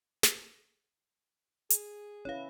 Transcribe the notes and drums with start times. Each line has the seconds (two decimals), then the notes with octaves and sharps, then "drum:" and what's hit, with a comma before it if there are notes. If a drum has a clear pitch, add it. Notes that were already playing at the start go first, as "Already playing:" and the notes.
0.23 drum: snare
1.70 G#4, drum: hi-hat
2.25 C#4 E4 B4 C#5 F5